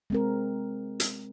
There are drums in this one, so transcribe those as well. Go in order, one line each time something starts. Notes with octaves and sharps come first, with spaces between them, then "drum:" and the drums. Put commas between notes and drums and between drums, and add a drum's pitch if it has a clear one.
G#3 C4 A#4
drum: hi-hat